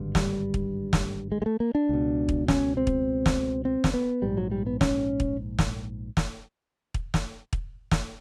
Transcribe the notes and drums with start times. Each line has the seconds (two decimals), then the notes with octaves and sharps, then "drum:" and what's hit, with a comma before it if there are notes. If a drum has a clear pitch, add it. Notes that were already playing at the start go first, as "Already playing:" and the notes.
Already playing: G#1 G2 D3
0.15 G3, drum: snare
0.54 drum: kick
0.93 drum: snare
1.32 G#3
1.42 G#3
1.46 A3
1.60 A#3
1.75 D4
1.89 C#2 B2
2.29 drum: kick
2.48 C#4, drum: snare
2.77 C4
2.87 drum: kick
3.26 drum: snare
3.65 C4
3.84 drum: snare
3.94 B3
4.22 A#1 G#2 G3
4.37 F#3
4.51 G3
4.66 B3
4.81 C#4, drum: snare
5.20 drum: kick
5.59 drum: snare
6.17 drum: snare
6.94 drum: kick
7.14 drum: snare
7.53 drum: kick
7.91 drum: snare